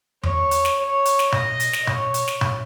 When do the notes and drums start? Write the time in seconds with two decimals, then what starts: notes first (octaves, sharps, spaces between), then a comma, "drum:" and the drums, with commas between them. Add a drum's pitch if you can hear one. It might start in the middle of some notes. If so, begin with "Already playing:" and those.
0.23 C#5, drum: tom E2
0.51 drum: hi-hat
0.65 drum: snare
0.78 C#5
1.05 drum: hi-hat
1.19 drum: snare
1.32 D#5, drum: tom B2
1.60 drum: hi-hat
1.73 drum: snare
1.87 C#5, drum: tom B2
2.14 drum: hi-hat
2.28 drum: snare
2.41 drum: tom B2